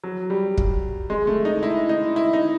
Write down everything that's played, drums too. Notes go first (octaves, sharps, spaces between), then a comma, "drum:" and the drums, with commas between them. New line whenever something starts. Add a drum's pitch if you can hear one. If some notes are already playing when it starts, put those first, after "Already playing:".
F#3
G3
drum: kick
G#3
A3
D#4
E4
D#4
E4
D#4